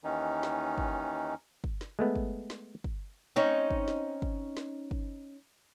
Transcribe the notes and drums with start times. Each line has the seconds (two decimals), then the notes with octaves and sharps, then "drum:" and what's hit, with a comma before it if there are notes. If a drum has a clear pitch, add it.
0.04 D#2 D#3 E3 C#4 D#4
0.43 drum: snare
0.78 drum: kick
1.64 drum: kick
1.81 drum: snare
1.99 G#3 A3 B3
2.15 drum: kick
2.50 drum: snare
2.84 drum: kick
3.36 C4 C#4 D#4
3.70 drum: kick
3.88 drum: snare
4.22 drum: kick
4.57 drum: snare
4.91 drum: kick